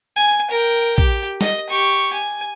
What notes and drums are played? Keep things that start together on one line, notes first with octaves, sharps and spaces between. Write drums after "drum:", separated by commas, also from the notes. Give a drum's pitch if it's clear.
G#5
A#4 G5
G4, drum: kick
D#5, drum: snare
G4 C#6
G#5